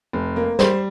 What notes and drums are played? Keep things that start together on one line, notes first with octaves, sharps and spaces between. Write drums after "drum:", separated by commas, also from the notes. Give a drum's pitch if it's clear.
F1
A#3
G3 C5, drum: snare